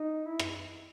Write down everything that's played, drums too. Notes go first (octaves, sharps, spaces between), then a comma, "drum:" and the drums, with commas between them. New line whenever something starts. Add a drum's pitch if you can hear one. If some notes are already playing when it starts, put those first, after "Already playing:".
Already playing: D#4
E4
drum: rim click